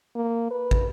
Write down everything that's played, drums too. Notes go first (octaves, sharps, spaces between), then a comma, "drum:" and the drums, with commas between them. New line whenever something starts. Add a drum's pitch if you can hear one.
A#3
B4
drum: kick